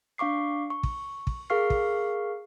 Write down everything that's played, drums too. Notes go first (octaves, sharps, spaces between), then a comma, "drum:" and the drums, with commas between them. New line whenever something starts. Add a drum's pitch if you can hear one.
D4 F5 C#6 D6 C7
C#6
drum: kick
drum: kick
G#4 A#4 F5 C#6 F6 C7
drum: kick